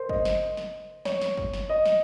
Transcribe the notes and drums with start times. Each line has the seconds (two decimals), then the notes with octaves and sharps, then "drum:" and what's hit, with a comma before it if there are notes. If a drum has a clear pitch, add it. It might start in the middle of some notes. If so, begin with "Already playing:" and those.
Already playing: A#4 C5
0.09 D#5, drum: kick
0.25 drum: snare
0.57 drum: snare
1.05 C#5, drum: snare
1.21 drum: snare
1.37 drum: kick
1.54 drum: snare
1.70 D#5
1.86 drum: snare